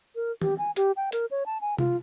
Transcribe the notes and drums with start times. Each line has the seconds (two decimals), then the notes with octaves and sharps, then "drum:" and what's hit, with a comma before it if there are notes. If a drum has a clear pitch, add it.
0.15 A#4
0.42 G4, drum: tom D#3
0.58 G#5
0.76 G4, drum: hi-hat
0.96 G5
1.12 A#4, drum: hi-hat
1.31 C#5
1.46 A5
1.61 G#5
1.78 F4, drum: tom C3